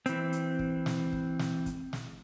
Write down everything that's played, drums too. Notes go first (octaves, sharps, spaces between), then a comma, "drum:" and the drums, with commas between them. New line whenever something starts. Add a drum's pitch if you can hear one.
E3 C4, drum: hi-hat
drum: hi-hat
drum: kick
drum: snare
drum: kick
drum: snare
drum: kick, hi-hat
drum: snare